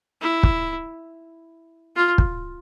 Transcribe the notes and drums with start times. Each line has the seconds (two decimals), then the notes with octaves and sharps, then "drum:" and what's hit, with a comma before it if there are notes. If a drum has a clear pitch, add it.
0.21 E4
0.43 drum: kick
1.96 F4
2.18 drum: kick